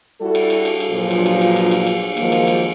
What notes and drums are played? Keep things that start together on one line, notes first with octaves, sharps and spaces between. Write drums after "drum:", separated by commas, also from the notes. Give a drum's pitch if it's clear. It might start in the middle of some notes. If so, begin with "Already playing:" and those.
G3 E4 F#4 A4
drum: cymbal
drum: cymbal
drum: cymbal
drum: cymbal
G2 A#2 F3 F#3
drum: cymbal
drum: cymbal
drum: cymbal
drum: cymbal
drum: cymbal
drum: cymbal
D#3 F3 F#3 G#3 A#3, drum: cymbal
drum: cymbal
drum: cymbal